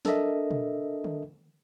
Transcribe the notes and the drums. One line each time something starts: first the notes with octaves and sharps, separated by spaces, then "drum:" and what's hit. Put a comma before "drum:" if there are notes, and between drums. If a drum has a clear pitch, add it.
D4 A4 A#4 D#5 E5, drum: snare
drum: tom B2
drum: tom D3